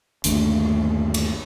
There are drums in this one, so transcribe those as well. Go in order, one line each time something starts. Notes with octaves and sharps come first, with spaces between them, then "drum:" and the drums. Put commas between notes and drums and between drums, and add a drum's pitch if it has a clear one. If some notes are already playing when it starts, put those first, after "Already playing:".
G1 D#2 A3 D4, drum: hi-hat
drum: cymbal